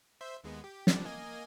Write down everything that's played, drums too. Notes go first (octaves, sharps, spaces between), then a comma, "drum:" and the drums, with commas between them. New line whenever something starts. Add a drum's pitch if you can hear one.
C5 E5
D#2 G#3 B3
G4
F3 G3 D4, drum: snare
A#3 D#5 G#5